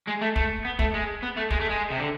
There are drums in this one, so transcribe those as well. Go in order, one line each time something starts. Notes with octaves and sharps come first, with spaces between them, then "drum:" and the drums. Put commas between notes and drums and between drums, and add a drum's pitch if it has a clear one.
G#3
A3
A3, drum: kick
B3
A3, drum: kick
G#3
B3
A3
G#3, drum: kick
A3
G#3
C3
D3